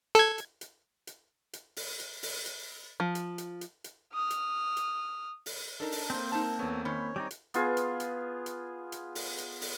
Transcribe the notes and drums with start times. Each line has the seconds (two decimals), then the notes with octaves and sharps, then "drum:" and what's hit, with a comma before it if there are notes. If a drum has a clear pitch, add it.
0.15 A4 G#6, drum: hi-hat
0.38 drum: hi-hat
0.61 drum: hi-hat
1.07 drum: hi-hat
1.53 drum: hi-hat
1.77 drum: open hi-hat
2.00 drum: hi-hat
2.23 drum: open hi-hat
2.46 drum: hi-hat
3.00 F3
3.15 drum: hi-hat
3.38 drum: hi-hat
3.61 drum: hi-hat
3.84 drum: hi-hat
4.14 D#6 F6
4.30 drum: hi-hat
4.77 drum: hi-hat
5.46 drum: open hi-hat
5.80 D4 D#4 A4 A#4 A#5
5.92 drum: open hi-hat
6.10 A#3 C4 C5
6.32 D#4 A5
6.59 E2 B3 A4 C#5
6.85 D#3 C#4 C5 C#5 B5
7.16 G3 C4 D#4 D6
7.31 drum: hi-hat
7.54 B3 F4 G#4, drum: hi-hat
7.77 drum: hi-hat
8.00 drum: hi-hat
8.46 drum: hi-hat
8.92 drum: hi-hat
9.15 drum: open hi-hat
9.38 drum: hi-hat
9.61 drum: open hi-hat